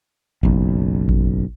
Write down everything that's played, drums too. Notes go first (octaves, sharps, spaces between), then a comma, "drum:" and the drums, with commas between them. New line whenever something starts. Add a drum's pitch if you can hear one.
F#1 B1, drum: kick A1
drum: kick A1